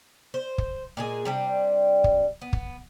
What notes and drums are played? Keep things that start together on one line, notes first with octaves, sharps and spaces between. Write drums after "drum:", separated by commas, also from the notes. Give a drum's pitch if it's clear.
C5
drum: kick
A#2 G#3 G#4
C3 G3 D4
drum: kick
B3
drum: kick